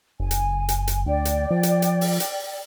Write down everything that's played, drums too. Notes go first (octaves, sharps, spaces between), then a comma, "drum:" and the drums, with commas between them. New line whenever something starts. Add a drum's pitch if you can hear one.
F#1 G#5
drum: hi-hat
drum: hi-hat
drum: hi-hat
D2 D5 G5
drum: hi-hat
F3
drum: hi-hat
drum: hi-hat
drum: open hi-hat
drum: hi-hat